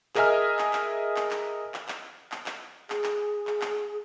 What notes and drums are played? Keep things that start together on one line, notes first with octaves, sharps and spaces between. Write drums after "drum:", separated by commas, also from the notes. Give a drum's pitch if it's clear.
G#4 A#4 D#5 E5 G#5 F6, drum: clap
drum: clap
drum: clap
drum: clap
drum: clap
drum: clap
drum: clap
drum: clap
drum: clap
G#4, drum: clap
drum: clap
drum: clap
drum: clap